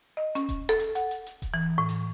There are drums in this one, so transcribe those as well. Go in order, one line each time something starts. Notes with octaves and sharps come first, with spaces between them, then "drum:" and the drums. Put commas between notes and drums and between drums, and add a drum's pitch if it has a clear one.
D#5
C#4, drum: hi-hat
drum: kick D#1, hi-hat
A4
drum: hi-hat
F#5, drum: hi-hat
drum: hi-hat
drum: hi-hat
drum: kick D#1, hi-hat
E3
A2
drum: open hi-hat